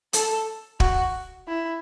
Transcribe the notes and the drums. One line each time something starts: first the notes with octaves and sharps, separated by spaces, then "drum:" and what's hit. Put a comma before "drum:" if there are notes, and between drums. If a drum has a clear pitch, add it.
A4, drum: hi-hat
F#4, drum: kick
E4